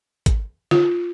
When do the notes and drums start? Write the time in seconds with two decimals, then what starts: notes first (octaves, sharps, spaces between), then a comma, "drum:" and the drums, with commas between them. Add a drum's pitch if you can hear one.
0.26 drum: kick, hi-hat
0.71 F4, drum: snare